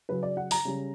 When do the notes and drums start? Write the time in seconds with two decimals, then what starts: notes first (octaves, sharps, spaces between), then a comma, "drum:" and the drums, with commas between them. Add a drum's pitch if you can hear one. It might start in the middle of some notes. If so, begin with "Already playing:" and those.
0.09 C#3 F#3 C#4 B4
0.23 D5
0.37 F#5
0.51 A#5, drum: open hi-hat
0.65 C#3 G3 C#4